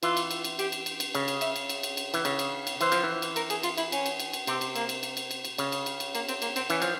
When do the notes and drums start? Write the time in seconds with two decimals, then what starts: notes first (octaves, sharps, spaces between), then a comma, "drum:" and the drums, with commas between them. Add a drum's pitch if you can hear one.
0.03 E3 F4, drum: cymbal
0.17 drum: cymbal
0.31 drum: cymbal
0.44 drum: cymbal
0.59 G4, drum: cymbal
0.72 drum: cymbal
0.86 drum: cymbal
1.00 drum: cymbal
1.15 C#3, drum: cymbal
1.28 drum: cymbal
1.41 E5, drum: cymbal
1.56 drum: cymbal
1.69 drum: cymbal
1.83 drum: cymbal
1.97 drum: cymbal
2.14 E3, drum: cymbal
2.25 C#3, drum: cymbal
2.39 drum: cymbal
2.67 drum: cymbal
2.81 E3 C5, drum: cymbal
2.92 F3, drum: cymbal
3.04 E3
3.22 drum: cymbal
3.36 A#4, drum: cymbal
3.50 G#4, drum: cymbal
3.63 F4, drum: cymbal
3.78 E4, drum: cymbal
3.92 C#4, drum: cymbal
4.06 drum: cymbal
4.20 drum: cymbal
4.33 drum: cymbal
4.47 C3 C4, drum: cymbal
4.61 drum: cymbal
4.75 A#3, drum: cymbal
4.89 drum: cymbal
5.03 drum: cymbal
5.17 drum: cymbal
5.31 drum: cymbal
5.45 drum: cymbal
5.58 C#3, drum: cymbal
5.72 drum: cymbal
5.86 drum: cymbal
6.00 drum: cymbal
6.15 A#3, drum: cymbal
6.29 C4, drum: cymbal
6.42 A#3, drum: cymbal
6.56 C4, drum: cymbal
6.70 E3 C#4, drum: cymbal
6.82 F3, drum: cymbal